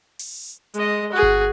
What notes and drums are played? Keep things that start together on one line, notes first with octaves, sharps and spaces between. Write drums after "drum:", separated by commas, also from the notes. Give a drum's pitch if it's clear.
drum: open hi-hat
G#3 D#5, drum: hi-hat
F#4 G#4
drum: kick G1